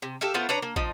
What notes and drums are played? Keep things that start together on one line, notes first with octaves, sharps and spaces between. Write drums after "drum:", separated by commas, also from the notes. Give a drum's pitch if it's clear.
C3
G4 A4 E5 F5
A3 B3 F4 C5
D4 B4 C#5 A#5
A#3
F3 D#4, drum: kick